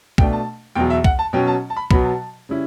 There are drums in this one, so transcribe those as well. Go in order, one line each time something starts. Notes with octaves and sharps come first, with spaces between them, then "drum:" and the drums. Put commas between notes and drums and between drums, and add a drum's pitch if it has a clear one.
B2 A3 D4 G5, drum: kick
A5
E2 B2 F#3 G5
E5
F#5, drum: kick
A5
B2 F#3 C#4 G5
A5
A5
B5
B2 F#3 B3 B5, drum: kick
A5
C#3 G3 C#4 E4